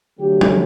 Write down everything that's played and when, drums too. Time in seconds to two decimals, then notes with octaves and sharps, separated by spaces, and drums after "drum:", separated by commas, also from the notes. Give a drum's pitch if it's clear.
0.18 D3 F#3 A3 G4
0.41 drum: tom